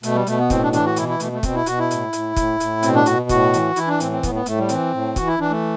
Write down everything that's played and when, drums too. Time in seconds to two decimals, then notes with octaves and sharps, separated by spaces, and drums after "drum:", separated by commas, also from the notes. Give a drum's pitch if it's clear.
0.03 B2 A3, drum: hi-hat
0.15 G3
0.27 B2 A3, drum: hi-hat
0.39 B3
0.50 A2 C4, drum: kick, hi-hat
0.63 D4
0.73 E3 D4, drum: hi-hat
0.85 F#4
0.96 B2 E4, drum: hi-hat
1.09 E4
1.20 B2 A3, drum: hi-hat
1.32 A3
1.43 B2 C4, drum: kick, hi-hat
1.55 E4
1.66 B2 F#4, drum: hi-hat
1.79 E4
1.91 A2, drum: hi-hat
2.13 A2, drum: hi-hat
2.36 A2, drum: kick, hi-hat
2.60 A2, drum: hi-hat
2.83 B2 C4, drum: hi-hat
2.95 D4
3.06 B2 F#4, drum: hi-hat
3.29 A2 F#4, drum: kick, hi-hat
3.54 E3, drum: hi-hat
3.76 E3 E4, drum: hi-hat
3.87 D4
4.00 A2 C4, drum: hi-hat
4.11 C4
4.23 A2 B3, drum: kick, hi-hat
4.35 B3
4.46 A2 A3, drum: hi-hat
4.58 G3
4.69 E3 C4, drum: hi-hat
4.93 A2
5.16 E3 F#4, drum: kick, hi-hat
5.27 E4
5.39 E3 D4
5.50 A3